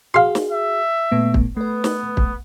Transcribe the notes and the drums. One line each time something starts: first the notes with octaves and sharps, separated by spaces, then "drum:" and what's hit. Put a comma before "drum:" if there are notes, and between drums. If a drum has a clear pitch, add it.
F#4 G#4 F5 C6
drum: snare
E5
A#2 A3 B3
drum: kick
A3 B3 B4
drum: snare
drum: kick